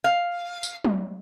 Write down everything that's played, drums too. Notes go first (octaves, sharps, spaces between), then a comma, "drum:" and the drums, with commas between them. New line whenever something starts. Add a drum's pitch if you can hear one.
F5
drum: tambourine
drum: tom F#3